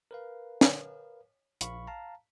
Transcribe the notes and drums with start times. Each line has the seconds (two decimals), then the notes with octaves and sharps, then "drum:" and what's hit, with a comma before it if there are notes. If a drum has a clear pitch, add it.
0.11 A#4 B4 F5
0.61 drum: snare
1.61 A#1 F5 B5 C#6, drum: hi-hat
1.87 F5 A5 A#5